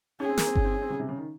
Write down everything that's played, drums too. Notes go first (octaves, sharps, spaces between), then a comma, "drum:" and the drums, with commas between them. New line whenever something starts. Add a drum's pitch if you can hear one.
C#4 G#4
C4
A#3, drum: snare
C4
C#4, drum: kick G1
C4
C#4
C4
C#3
C3
C#3
D#3